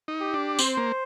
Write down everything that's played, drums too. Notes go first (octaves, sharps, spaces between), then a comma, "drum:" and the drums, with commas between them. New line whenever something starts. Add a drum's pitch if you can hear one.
D#4
G4
D4
C4 C5, drum: tambourine
A#3